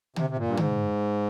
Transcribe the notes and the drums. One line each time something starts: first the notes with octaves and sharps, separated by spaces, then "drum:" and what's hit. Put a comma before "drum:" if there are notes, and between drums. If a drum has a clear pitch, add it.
C3, drum: tom
C3
A#2
G2
G#2, drum: tom